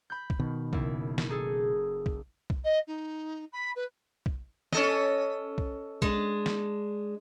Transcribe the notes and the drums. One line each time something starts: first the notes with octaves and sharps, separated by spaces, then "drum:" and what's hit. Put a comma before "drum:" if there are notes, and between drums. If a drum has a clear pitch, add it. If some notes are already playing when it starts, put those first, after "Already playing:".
B5 G6
drum: kick
B2 D#3
F#1 E4, drum: kick
drum: snare
D#4 G#4 A4
drum: kick
drum: kick
D#5
D#4
B5
B4
drum: kick
C#4 A4 D#5, drum: snare
drum: kick
G#3 D4, drum: kick
drum: snare